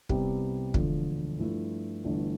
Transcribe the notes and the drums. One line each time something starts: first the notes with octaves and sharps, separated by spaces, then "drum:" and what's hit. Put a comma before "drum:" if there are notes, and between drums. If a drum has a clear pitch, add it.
C2 C3 G3 B3, drum: kick
E1 D2 D3 F3, drum: kick
G2 F3 A3 E4
G1 G2 E3 A3 D4